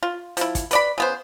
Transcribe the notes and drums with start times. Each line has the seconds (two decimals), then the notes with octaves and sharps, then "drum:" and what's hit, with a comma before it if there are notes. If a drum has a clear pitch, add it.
0.03 F4
0.37 F3 E4, drum: hi-hat
0.55 drum: kick, hi-hat
0.71 B4 D5 B5, drum: hi-hat
0.98 C#3 B3 C5